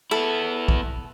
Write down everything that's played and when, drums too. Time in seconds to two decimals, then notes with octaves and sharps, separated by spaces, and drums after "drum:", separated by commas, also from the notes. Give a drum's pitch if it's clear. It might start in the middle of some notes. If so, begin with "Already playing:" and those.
0.11 B3 E4 A4
0.68 drum: kick B1